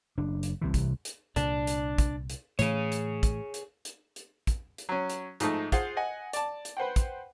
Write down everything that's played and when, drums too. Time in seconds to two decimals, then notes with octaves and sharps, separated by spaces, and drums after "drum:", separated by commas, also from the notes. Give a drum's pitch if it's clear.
0.17 F#1 D4
0.43 drum: hi-hat
0.61 C2 C3 E3
0.74 drum: kick, hi-hat
1.05 drum: hi-hat
1.36 C2 A#2 D3 D4, drum: hi-hat
1.67 drum: hi-hat
1.98 drum: kick, hi-hat
2.30 drum: hi-hat
2.59 A2 E3 A3 G#4 C#5, drum: hi-hat
2.92 drum: hi-hat
3.23 drum: kick, hi-hat
3.54 drum: hi-hat
3.85 drum: hi-hat
4.16 drum: hi-hat
4.47 drum: kick, hi-hat
4.78 drum: hi-hat
4.89 F#3 C#4
5.10 drum: hi-hat
5.40 G#2 F3 A3 D#4, drum: hi-hat
5.72 F4 G#4 C5 F5 F#5, drum: kick, hi-hat
5.97 D#5 F#5 G#5
6.33 D5 A5, drum: hi-hat
6.65 drum: hi-hat
6.77 B4 C5 F#5 G5
6.96 drum: kick, hi-hat